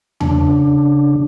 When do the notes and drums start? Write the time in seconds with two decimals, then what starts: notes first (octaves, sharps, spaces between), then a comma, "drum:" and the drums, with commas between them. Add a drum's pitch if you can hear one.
0.21 C#3 D4, drum: tom E2